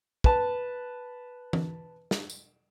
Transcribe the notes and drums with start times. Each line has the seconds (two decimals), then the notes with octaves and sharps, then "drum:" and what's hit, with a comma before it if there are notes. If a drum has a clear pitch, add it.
0.24 B4 A5, drum: kick
1.53 drum: tom E3
2.11 drum: snare
2.30 drum: tambourine